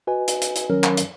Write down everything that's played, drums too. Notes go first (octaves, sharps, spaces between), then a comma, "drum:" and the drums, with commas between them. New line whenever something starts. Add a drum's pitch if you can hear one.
F#4 B4 D#5 G#5
drum: hi-hat
drum: hi-hat
drum: hi-hat
D#3 F#3 C#4 A#4 C#5
drum: clap
drum: hi-hat